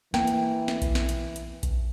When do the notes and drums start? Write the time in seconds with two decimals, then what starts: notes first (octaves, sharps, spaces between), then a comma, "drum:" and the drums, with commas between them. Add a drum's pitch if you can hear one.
0.14 E3 A#3 G5, drum: snare
0.27 drum: hi-hat
0.68 drum: snare
0.82 drum: kick A#1, hi-hat
0.95 drum: snare
1.09 drum: hi-hat
1.36 drum: hi-hat
1.63 drum: kick A#1, hi-hat